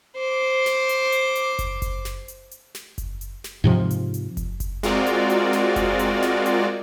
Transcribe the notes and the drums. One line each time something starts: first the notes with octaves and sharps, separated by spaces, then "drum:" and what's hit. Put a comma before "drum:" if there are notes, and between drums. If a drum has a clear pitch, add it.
C5 D6
drum: snare
drum: hi-hat
drum: hi-hat
drum: hi-hat
drum: kick F#1, hi-hat
drum: kick F#1, hi-hat
drum: snare
drum: hi-hat
drum: hi-hat
drum: snare
drum: kick F#1, hi-hat
drum: hi-hat
drum: snare
G#2 C3 F3
drum: hi-hat
drum: hi-hat
drum: kick F#1, hi-hat
drum: kick F#1, hi-hat
G#3 C4 F4 F#4 A#4 D5, drum: snare
drum: hi-hat
drum: hi-hat
drum: snare
drum: kick F#1, hi-hat
drum: hi-hat
drum: snare
drum: hi-hat